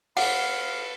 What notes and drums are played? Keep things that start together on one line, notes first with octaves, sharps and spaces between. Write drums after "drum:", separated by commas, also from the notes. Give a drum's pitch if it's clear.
A4 B4 F5 F#5, drum: open hi-hat